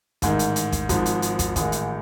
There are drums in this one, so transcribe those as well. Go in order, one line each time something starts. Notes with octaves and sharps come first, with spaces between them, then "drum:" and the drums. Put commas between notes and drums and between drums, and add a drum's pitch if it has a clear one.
A1 G#2 D#3, drum: kick, hi-hat
drum: hi-hat
drum: hi-hat
drum: kick, hi-hat
G#1 G#2 F3, drum: kick, hi-hat
drum: hi-hat
drum: hi-hat
drum: kick, hi-hat
A1 G#2 D#3 G#3, drum: kick, hi-hat
drum: hi-hat